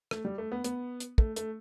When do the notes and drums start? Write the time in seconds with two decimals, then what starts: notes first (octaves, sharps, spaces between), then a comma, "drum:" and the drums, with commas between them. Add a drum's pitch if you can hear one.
0.11 A3, drum: rim click
0.25 G3
0.38 A3
0.52 B3
0.64 B3, drum: hi-hat
1.00 drum: hi-hat
1.18 A3, drum: kick
1.36 A3, drum: hi-hat